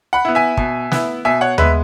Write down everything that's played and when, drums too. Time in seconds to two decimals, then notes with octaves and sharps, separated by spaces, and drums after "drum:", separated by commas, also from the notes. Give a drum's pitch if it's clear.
0.13 F#5 B5
0.25 B3 E4
0.35 E5 G#5
0.57 B2, drum: kick
0.92 B3 E4, drum: snare
1.25 B2 E5 G#5
1.41 C#5 F#5
1.58 G#3 B3 B4 E5, drum: tom D#2